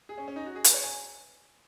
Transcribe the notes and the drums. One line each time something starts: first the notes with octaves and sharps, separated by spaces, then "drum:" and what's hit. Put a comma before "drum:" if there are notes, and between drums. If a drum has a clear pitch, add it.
G#4
C#4
C#4
D#4
F#4
G#4
B4, drum: hi-hat
C#5
G#5